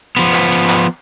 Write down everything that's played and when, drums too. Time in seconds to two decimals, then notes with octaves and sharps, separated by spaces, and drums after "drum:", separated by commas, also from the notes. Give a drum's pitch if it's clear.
0.17 F3 B3, drum: hi-hat
0.34 drum: clap
0.52 drum: hi-hat
0.70 drum: clap